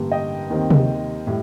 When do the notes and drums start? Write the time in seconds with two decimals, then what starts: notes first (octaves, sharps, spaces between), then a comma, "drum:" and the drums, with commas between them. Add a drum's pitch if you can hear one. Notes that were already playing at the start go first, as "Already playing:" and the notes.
Already playing: A1 G2 D3 G3 A#3
0.11 D#5 G5
0.50 D#2 D#3 G3 C4
0.70 drum: tom C3
1.27 A2 G3